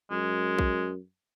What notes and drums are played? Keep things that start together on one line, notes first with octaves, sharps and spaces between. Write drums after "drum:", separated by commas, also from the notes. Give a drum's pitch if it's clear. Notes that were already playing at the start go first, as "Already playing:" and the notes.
F#2 G#3
drum: kick A#1